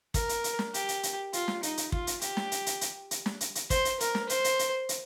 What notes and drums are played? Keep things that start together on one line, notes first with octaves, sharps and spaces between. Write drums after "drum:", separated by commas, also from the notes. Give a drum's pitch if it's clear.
A#4, drum: kick, hi-hat
drum: hi-hat
drum: hi-hat
drum: snare
G4, drum: hi-hat
drum: hi-hat
drum: hi-hat
F4, drum: hi-hat
drum: snare
D#4, drum: hi-hat
drum: hi-hat
F4, drum: kick
drum: hi-hat
G4, drum: hi-hat
drum: snare
drum: hi-hat
drum: hi-hat
drum: hi-hat
drum: hi-hat
drum: snare
drum: hi-hat
drum: hi-hat
C5, drum: kick, hi-hat
drum: hi-hat
A#4, drum: hi-hat
drum: snare
C5, drum: hi-hat
drum: hi-hat
drum: hi-hat
drum: hi-hat